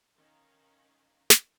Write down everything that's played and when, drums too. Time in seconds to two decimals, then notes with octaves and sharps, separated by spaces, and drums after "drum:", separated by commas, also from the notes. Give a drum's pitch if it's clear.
0.15 D#3 C#4 D#4 F5
1.30 drum: snare